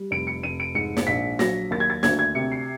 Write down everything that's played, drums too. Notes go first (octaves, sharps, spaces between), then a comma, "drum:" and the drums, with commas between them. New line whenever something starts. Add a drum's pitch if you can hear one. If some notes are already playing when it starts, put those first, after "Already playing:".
Already playing: G3
F1 D7
C#7
F1 D#7
D7
G#2 C#7
drum: snare
A#1 B6
F#3 A#6, drum: snare
D#2 A6
G#6
A6
D2 G#6, drum: snare
G#6
C3 C#7
C7